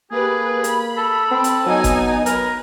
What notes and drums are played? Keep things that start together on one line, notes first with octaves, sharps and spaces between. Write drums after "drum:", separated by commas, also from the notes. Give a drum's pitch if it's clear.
A#3 G4 G#4 B4
B5, drum: hi-hat
A4
C4
drum: hi-hat
F#3 B3 D#4 G#5
drum: kick G1, hi-hat
A#4 B4, drum: hi-hat